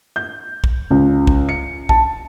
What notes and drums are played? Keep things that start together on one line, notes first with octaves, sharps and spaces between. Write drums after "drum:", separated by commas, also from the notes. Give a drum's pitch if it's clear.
G6
drum: kick
C#2
drum: kick
C#7
A5, drum: kick